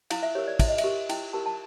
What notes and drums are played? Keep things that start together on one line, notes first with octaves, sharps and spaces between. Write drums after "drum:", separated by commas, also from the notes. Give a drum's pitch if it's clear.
E4 F5, drum: cymbal
E5
G4 A#4 C#5
D5
E4 E5, drum: kick, cymbal
D#5
E5, drum: cymbal
G4 A#4
E4 G5, drum: cymbal
G4 A#4 A5
A5